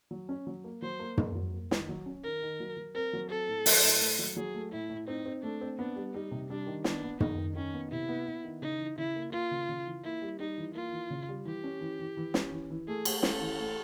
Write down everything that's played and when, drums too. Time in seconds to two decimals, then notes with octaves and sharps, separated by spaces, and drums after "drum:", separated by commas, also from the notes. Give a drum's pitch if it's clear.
0.11 F#3
0.29 C#4
0.47 F#3
0.64 A#3
0.82 F#3 C5
0.99 A#3
1.17 A#3, drum: tom
1.35 F#3
1.54 A#3
1.71 D#3, drum: snare
1.89 F#3
2.06 C#4
2.24 D#3 A#4
2.42 D#3
2.60 F#3
2.77 F#3
2.95 C4 A#4
3.13 F#3
3.30 C4 A4
3.48 A2
3.66 F#3, drum: open hi-hat
3.83 A2
4.01 A3
4.19 F#3
4.37 F#3 G#4
4.55 A3
4.72 A2 E4
4.89 A2
5.07 C4 D#4
5.25 C4
5.43 A3 D4
5.61 C4
5.78 B3 D4
5.96 G3
6.14 G3 D#4
6.31 C3
6.50 G3 D4
6.67 D#3
6.84 B3 D4, drum: snare
7.03 B3
7.20 D#3 D#4, drum: tom
7.38 D#3
7.56 D#3 C#4
7.74 B3
7.91 C3 E4
8.09 B3
8.27 B3
8.44 D#3
8.62 C#3 D#4
8.80 E3
8.98 C#3 E4
9.16 A#3
9.33 A#3 F4
9.51 C#3
9.69 C#3
9.86 E3
10.04 A#3 E4
10.22 G3
10.40 G3 D#4
10.58 E3
10.75 A#3 F4
10.92 E3
11.10 C#3
11.29 G3
11.45 E3 G4
11.64 C#4
11.81 E3
11.99 E3
12.17 E3
12.34 C#4, drum: snare
12.52 E3
12.70 E3
12.88 A3 G#4
13.05 A3, drum: cymbal
13.23 C#4 A4, drum: snare
13.41 E3
13.59 A3